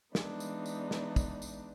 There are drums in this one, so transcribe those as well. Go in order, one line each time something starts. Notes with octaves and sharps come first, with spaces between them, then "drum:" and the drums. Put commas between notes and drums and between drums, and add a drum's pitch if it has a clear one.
E3 G#3 B3 D4 D#4, drum: snare
drum: tambourine
drum: tambourine
drum: snare
drum: kick, tambourine
drum: tambourine